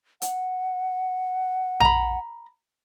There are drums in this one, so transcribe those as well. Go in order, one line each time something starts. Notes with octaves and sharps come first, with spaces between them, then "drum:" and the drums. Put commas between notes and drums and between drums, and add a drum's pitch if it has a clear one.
F#5, drum: hi-hat
A#5 B5, drum: tom A#1